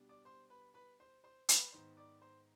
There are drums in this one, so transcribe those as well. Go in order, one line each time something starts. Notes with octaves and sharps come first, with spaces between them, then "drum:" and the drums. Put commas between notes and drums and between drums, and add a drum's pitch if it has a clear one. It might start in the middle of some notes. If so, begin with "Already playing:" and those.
Already playing: B2 G3 D4
D5 D6
C5 C6
B4 B5
B4 B5
C5 C6
C5 C6
B4 B5, drum: hi-hat
G#2 D#3 B3 C5 C6
D5 D6
C5 C6